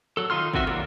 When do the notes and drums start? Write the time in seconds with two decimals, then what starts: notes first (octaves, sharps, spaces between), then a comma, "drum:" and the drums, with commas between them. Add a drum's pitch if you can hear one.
0.17 F#3 A4
0.30 D#3 D#4 F4 C6 F6
0.54 D#3 C4 F#4 E5, drum: kick
0.67 D#3 F#3 G3 A#3 F4, drum: rim click